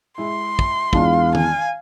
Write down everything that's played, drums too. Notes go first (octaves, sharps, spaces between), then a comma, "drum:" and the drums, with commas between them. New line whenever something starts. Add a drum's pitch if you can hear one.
G#3 E4 C6
drum: kick
E2 G#3 D4 F4 F5, drum: kick
G#5, drum: tom D#3